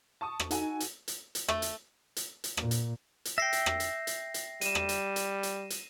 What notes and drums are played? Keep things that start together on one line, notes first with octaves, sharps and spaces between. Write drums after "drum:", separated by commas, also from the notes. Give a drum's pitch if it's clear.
A5 C#6 D#6
drum: rim click
D#4 F#4 A4 G#5, drum: hi-hat
drum: hi-hat
drum: hi-hat
drum: hi-hat
A3, drum: rim click
drum: hi-hat
drum: hi-hat
drum: hi-hat
A#2, drum: rim click
drum: hi-hat
drum: hi-hat
E5 G5 A#6 C7
drum: hi-hat
drum: rim click
drum: hi-hat
drum: hi-hat
drum: hi-hat
G3 D#7 E7, drum: hi-hat
drum: rim click
drum: hi-hat
drum: hi-hat
drum: hi-hat
drum: hi-hat